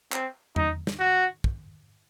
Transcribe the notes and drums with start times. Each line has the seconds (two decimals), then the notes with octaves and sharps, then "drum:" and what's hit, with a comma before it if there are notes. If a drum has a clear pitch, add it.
0.12 C4, drum: clap
0.56 D#4, drum: tom E2
0.87 drum: snare
0.99 F#4
1.44 drum: kick